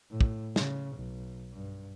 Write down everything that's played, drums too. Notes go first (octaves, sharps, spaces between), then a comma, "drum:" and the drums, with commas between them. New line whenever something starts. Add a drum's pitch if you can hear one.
A2
drum: kick
C#3, drum: snare
B1
G2